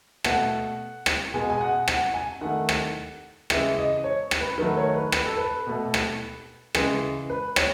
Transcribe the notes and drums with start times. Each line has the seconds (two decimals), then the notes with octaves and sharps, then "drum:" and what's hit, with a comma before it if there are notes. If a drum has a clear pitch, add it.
0.24 B2 A3 F#5, drum: rim click
1.06 drum: rim click
1.34 B2 G#3 G#5
1.50 G#5
1.61 F#5
1.88 F#5, drum: rim click
2.14 G#5
2.41 D#3 A3 F#5
2.69 drum: rim click
3.50 C#3 E3 G#3 E5, drum: rim click
3.78 D#5
4.04 C#5
4.31 drum: rim click
4.40 B4
4.58 D#3 F#3 A3 B4
4.77 C#5
4.94 B4
5.12 B4, drum: rim click
5.25 A4
5.37 B4
5.67 B2 A3
5.94 drum: rim click
6.75 C#3 E3 G#3 G#4, drum: rim click
7.30 B4
7.56 C#5, drum: rim click